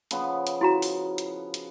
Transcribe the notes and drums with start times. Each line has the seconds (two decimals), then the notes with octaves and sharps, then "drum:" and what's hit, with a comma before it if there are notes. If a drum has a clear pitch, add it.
0.11 C#3 F3 B3, drum: hi-hat
0.47 drum: hi-hat
0.61 E4 F#4 A#5
0.82 drum: open hi-hat
1.18 drum: hi-hat
1.54 drum: hi-hat